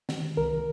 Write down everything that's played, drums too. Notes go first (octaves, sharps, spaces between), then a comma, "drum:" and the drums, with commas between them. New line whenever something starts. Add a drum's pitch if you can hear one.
D#3, drum: snare
C2 A#4